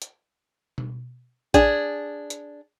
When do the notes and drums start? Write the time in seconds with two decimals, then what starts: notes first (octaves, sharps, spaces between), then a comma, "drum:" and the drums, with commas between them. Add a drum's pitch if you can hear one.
0.02 drum: hi-hat
0.78 drum: tom B2
1.54 D4 G#4, drum: kick A1, hi-hat
2.30 drum: hi-hat